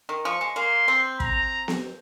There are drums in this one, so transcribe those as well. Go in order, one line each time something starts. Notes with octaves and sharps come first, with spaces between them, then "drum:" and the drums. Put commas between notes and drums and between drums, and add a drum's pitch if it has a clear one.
D#3
F3 C#6
G#3
A#3 C6
C4
A#5, drum: kick
drum: snare B3